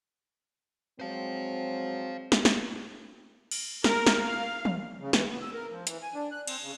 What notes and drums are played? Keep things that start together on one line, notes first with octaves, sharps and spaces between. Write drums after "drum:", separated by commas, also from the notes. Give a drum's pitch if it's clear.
F#3 G#3 C4 C5 F5
drum: snare
drum: snare
drum: cymbal
A#4, drum: snare
drum: snare
F5
drum: tom
C#3
E3, drum: snare
B3
E6
A#4
F3
E3, drum: hi-hat
G#5
D4
F#6
C4, drum: cymbal
C#3